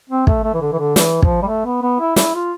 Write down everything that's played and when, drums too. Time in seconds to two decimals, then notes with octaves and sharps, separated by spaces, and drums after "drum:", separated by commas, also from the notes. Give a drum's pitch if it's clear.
0.10 C4
0.27 A3, drum: kick
0.44 A3
0.54 E3
0.61 D3
0.73 E3
0.79 D3
0.96 E3, drum: snare
1.22 F3, drum: kick
1.43 G3
1.47 A3
1.65 B3
1.82 B3
2.00 E4
2.16 E4, drum: snare
2.35 F4